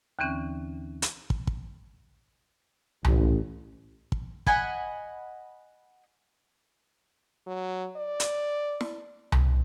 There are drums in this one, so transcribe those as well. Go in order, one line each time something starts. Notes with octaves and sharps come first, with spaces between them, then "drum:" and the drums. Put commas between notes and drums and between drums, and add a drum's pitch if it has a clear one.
D#2 D3 E3 C4 C#4
drum: hi-hat
drum: kick
drum: kick
A1, drum: tom C2
drum: kick
D#5 F#5 G#5 B5, drum: kick
F#3
D5
drum: hi-hat
drum: snare
drum: tom C2